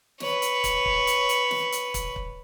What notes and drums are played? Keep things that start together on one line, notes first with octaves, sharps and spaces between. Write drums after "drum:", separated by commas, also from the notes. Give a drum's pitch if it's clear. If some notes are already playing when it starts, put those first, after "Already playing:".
B4 C#5, drum: snare
drum: hi-hat
drum: kick, hi-hat
drum: kick
drum: hi-hat
drum: hi-hat
drum: snare
drum: hi-hat
drum: kick, hi-hat
drum: kick